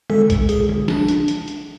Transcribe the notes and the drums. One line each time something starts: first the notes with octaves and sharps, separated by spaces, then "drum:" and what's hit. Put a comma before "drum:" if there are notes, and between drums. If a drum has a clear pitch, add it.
G#3 A4, drum: tom D3
drum: kick, hi-hat
G#4, drum: hi-hat
drum: tom D3
D4, drum: snare
drum: hi-hat
drum: hi-hat
drum: hi-hat